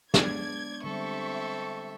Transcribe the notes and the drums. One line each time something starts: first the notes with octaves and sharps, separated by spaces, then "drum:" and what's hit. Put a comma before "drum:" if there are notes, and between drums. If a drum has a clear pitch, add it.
G#3 B3 D4 D5 G#6, drum: snare
D3 G3 C4 A4 E5 C#6